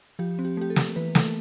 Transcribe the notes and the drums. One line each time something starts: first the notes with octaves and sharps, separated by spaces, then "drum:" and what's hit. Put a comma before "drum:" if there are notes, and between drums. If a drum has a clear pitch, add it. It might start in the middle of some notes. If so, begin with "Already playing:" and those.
F3 G4
C4
G4
A3 G4
A4
A3, drum: snare
E3 B4
A3 A4, drum: snare